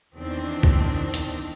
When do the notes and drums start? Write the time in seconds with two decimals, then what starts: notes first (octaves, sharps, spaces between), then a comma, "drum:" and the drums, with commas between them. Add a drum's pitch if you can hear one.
0.15 E2 D#3 C4 D4
0.63 drum: kick
1.14 drum: hi-hat